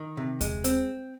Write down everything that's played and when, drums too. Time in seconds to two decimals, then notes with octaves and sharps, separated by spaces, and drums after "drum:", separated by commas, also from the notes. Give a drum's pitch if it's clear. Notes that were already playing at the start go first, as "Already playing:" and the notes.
Already playing: D#3
0.17 C3
0.41 G#3, drum: kick D#2, hi-hat
0.64 C4, drum: hi-hat